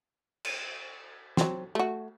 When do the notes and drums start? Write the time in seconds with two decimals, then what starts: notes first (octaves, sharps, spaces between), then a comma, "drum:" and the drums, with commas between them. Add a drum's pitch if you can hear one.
0.45 drum: cymbal
1.37 F#3 C4, drum: snare
1.75 A3 F#4